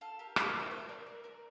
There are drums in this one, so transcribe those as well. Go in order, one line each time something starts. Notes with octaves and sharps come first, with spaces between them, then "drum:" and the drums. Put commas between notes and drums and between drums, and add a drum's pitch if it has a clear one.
F4 A4
G4 A#4
A4 C5, drum: rim click
A#4 D5
C5 E5
C5 E5
A#4 D5
A#4 D5
A#4 D5